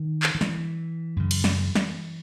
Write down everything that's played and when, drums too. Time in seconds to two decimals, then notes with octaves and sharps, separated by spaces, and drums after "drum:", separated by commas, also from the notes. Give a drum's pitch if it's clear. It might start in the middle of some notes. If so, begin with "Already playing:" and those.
Already playing: D#3
0.23 drum: clap
0.35 D#3
0.41 E3, drum: snare
1.17 F#2 C#3
1.31 drum: cymbal
1.44 drum: snare
1.75 drum: snare